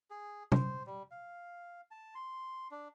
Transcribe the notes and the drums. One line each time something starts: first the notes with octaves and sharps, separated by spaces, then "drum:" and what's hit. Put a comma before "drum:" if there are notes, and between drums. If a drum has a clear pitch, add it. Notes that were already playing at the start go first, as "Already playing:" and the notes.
G#4
C5, drum: tom
G3
F5
A5
C6
D4